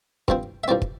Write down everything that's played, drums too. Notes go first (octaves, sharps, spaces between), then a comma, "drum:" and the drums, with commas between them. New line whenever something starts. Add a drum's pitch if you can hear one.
G2 F3 C4, drum: kick
E5
G2 F3 C4 D5
drum: kick